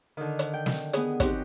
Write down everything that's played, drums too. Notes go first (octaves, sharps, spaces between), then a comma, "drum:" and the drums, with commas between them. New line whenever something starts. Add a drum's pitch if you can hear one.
D3 D#3
drum: hi-hat
G5
drum: snare
B3 G#4, drum: hi-hat
F#3 C4 D#4 G4, drum: kick, hi-hat